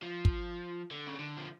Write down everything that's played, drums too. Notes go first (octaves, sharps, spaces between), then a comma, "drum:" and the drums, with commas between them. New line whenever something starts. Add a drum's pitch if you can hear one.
F3
drum: kick
D3
C#3
D3
F3